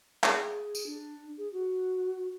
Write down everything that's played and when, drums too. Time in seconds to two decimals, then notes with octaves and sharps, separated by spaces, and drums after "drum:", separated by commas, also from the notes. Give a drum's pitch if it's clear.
0.24 G#4, drum: clap
0.75 drum: tambourine
0.86 D4
1.38 G#4
1.53 F#4